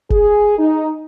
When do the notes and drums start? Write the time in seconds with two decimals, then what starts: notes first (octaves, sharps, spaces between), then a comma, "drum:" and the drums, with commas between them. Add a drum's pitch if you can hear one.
0.10 G#4, drum: kick F#1
0.58 D#4